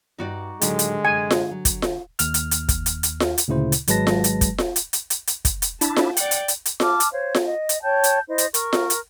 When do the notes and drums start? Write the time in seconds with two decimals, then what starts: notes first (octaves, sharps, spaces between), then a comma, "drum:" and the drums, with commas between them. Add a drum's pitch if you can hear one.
0.19 G2 D#4 F#4 D5
0.61 A2 D3 D#3 F#3 G#3 G4, drum: hi-hat
0.79 drum: hi-hat
1.05 F#2 C3 G#5
1.31 drum: snare F4
1.51 F#3
1.65 drum: kick, hi-hat
1.82 drum: snare F4
2.19 D#2 F6, drum: hi-hat
2.34 drum: hi-hat
2.51 drum: hi-hat
2.69 drum: kick, hi-hat
2.86 drum: hi-hat
3.03 drum: hi-hat
3.20 drum: snare F4
3.38 drum: hi-hat
3.48 D2 A#2 C#3 E4 C5
3.72 drum: hi-hat
3.88 G#1 F#3 G#3 B4 A5 A#6, drum: hi-hat
4.07 drum: snare F4
4.24 drum: hi-hat
4.41 drum: kick, hi-hat
4.58 drum: snare F4
4.76 drum: hi-hat
4.93 drum: hi-hat
5.10 drum: hi-hat
5.27 drum: hi-hat
5.45 drum: kick, hi-hat
5.62 drum: hi-hat
5.81 D4 E4 A5, drum: hi-hat
5.96 drum: snare F4
6.17 D5 F#5 G5, drum: hi-hat
6.31 drum: hi-hat
6.48 drum: hi-hat
6.65 drum: hi-hat
6.80 A5 D6 F6, drum: snare F4
7.00 drum: hi-hat
7.13 C5 C#5 F5
7.35 drum: snare F4
7.45 D#5
7.69 drum: hi-hat
7.83 C#5 G5 A5 G6
8.04 drum: hi-hat
8.29 E4 C5 D#5
8.38 drum: hi-hat
8.54 A#4 C#6, drum: hi-hat
8.73 drum: snare F4
8.90 drum: hi-hat